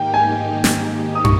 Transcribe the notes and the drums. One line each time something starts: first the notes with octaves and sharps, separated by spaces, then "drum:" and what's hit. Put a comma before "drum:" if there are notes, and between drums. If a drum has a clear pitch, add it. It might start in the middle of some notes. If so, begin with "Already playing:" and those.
Already playing: G#2 D#3 A#3 D#4 G4 G5
G#5
drum: snare
D#6
C#6, drum: tom